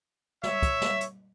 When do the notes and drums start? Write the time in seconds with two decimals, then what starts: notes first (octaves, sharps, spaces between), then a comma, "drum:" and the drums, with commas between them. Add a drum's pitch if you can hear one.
0.43 C#5 E5, drum: snare
0.62 drum: kick, hi-hat
0.82 drum: snare
1.01 drum: hi-hat